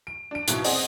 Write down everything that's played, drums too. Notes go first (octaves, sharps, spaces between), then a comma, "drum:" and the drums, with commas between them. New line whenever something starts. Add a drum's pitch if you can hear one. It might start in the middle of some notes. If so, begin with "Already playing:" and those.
D7
D4 D7
C#2 G#2 B2 E3 F#3, drum: hi-hat
C4 G#4 C5 D5 D#5 F#5, drum: open hi-hat